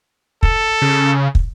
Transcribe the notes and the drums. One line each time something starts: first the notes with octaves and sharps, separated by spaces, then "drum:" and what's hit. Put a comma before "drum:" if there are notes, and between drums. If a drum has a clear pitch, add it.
A4, drum: kick
C#3
drum: kick